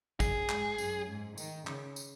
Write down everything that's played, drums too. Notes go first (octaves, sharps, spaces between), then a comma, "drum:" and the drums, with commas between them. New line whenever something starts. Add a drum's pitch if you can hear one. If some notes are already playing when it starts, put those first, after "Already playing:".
F#2 G#4, drum: kick A1, tambourine
G#2, drum: clap
F#2, drum: tambourine
G#2
D#3, drum: tambourine
C#3, drum: clap
drum: tambourine